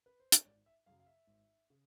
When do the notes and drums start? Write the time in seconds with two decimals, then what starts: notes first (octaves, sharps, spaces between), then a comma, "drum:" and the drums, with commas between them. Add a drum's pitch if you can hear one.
0.06 B4
0.20 C5
0.32 C#5, drum: hi-hat
0.45 G#1 D5
0.66 E5
0.86 F#2 C#3 F#3 F5
1.00 F5
1.06 E5
1.27 G#1
1.70 C#3